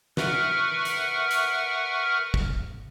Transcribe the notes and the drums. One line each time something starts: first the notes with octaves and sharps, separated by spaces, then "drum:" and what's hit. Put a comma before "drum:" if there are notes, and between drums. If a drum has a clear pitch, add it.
A#4 B4 E5 F#5 C#6 F6, drum: snare
drum: hi-hat
drum: hi-hat
drum: kick